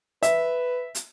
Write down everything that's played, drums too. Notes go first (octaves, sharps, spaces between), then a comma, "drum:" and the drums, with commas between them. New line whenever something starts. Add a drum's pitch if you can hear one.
B4 E5, drum: hi-hat
drum: hi-hat